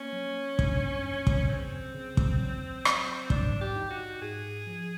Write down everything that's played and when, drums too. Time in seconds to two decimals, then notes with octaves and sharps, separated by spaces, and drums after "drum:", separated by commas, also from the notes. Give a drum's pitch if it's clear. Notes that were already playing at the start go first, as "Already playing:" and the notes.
Already playing: A#3 C#4
0.13 F#3
0.59 G2, drum: kick
1.05 F#3
1.27 drum: kick
1.49 C#3 C4
1.94 C#3
2.17 drum: kick
2.40 F#3
2.85 F#3, drum: rim click
3.30 G#2 D4, drum: kick
3.61 G4
3.76 D#4
3.90 F#4
4.22 G#2 G#4
4.67 F3